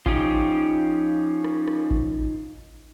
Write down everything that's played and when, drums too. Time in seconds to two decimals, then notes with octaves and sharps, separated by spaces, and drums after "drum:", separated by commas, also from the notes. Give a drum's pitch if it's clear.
0.06 F3 C#4 D#4 F4 G4, drum: kick G#1
1.44 drum: rim click
1.68 drum: rim click
1.91 drum: kick G#1